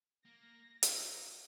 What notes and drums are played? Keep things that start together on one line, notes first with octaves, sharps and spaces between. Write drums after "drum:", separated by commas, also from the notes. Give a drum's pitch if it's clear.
A#3 A#6
D#4, drum: hi-hat